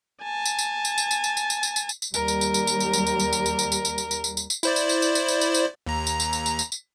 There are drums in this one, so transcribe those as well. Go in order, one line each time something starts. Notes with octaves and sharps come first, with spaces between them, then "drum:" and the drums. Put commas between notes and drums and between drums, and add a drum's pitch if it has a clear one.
G#5 A5
drum: tambourine
drum: tambourine
drum: tambourine
drum: tambourine
drum: tambourine
drum: tambourine
drum: tambourine
drum: tambourine
drum: tambourine
drum: tambourine
drum: tambourine
drum: tambourine
D#2 G3 A#4, drum: tambourine
drum: tambourine
drum: tambourine
drum: tambourine
drum: tambourine
drum: tambourine
drum: tambourine
drum: tambourine
drum: tambourine
drum: tambourine
drum: tambourine
drum: tambourine
drum: tambourine
drum: tambourine
drum: tambourine
drum: tambourine
drum: tambourine
drum: tambourine
drum: tambourine
E4 C5 D5, drum: tambourine
drum: tambourine
drum: tambourine
drum: tambourine
drum: tambourine
drum: tambourine
drum: tambourine
drum: tambourine
D#2 A#5
drum: tambourine
drum: tambourine
drum: tambourine
drum: tambourine
drum: tambourine
drum: tambourine